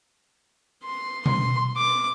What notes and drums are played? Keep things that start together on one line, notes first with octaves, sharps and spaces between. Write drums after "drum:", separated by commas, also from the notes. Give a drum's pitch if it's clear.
C6
C6, drum: tom B2
D6